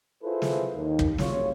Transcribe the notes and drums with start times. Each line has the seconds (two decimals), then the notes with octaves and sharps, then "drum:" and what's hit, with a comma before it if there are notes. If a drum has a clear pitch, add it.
0.23 E4 F4 G#4 A4 B4 C5
0.42 drum: snare
0.74 D#2
0.99 drum: kick
1.18 F#1 C2 F4 C#5, drum: snare